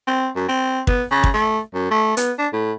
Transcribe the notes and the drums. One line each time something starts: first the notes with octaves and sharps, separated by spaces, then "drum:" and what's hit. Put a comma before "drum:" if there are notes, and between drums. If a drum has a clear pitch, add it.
C4
F#2
C4
B3, drum: kick
C#3
drum: kick
A3
F#2
A3
B3, drum: hi-hat
D4
A2